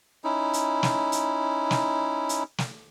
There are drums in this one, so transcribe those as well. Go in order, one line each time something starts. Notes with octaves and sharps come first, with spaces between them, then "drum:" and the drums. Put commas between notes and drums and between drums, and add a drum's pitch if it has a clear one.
C#4 D#4 E4
drum: hi-hat
drum: snare
drum: hi-hat
drum: snare
drum: hi-hat
drum: snare